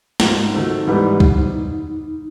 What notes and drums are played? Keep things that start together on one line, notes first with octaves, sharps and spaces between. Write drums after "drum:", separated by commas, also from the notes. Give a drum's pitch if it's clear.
G#2 F3 A#3 D#4, drum: snare
D#3 F#3 A3 C4
G#2 E3 G3 B3 D#4 E4
drum: kick C#2